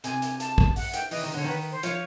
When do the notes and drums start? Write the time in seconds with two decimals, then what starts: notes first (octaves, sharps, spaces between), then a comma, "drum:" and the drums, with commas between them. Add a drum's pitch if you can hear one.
0.04 C3 G#5, drum: hi-hat
0.22 drum: hi-hat
0.40 A5, drum: hi-hat
0.58 drum: kick
0.76 F#5, drum: open hi-hat
0.93 G5, drum: hi-hat
1.11 E3 D#5, drum: open hi-hat
1.23 D#3
1.34 D3 C#5
1.44 D#3 B4
1.72 C5
1.83 F3 C#5, drum: hi-hat